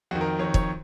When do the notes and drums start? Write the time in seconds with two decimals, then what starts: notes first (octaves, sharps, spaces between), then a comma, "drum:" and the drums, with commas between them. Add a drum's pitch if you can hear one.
0.11 F2 D#3 F#4
0.21 A#4
0.39 F2 D#3 C#5
0.54 C#5, drum: kick